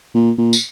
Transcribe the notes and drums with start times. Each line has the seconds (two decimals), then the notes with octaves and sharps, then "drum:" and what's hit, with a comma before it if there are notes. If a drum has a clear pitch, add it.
0.15 A#2
0.38 A#2
0.53 drum: tambourine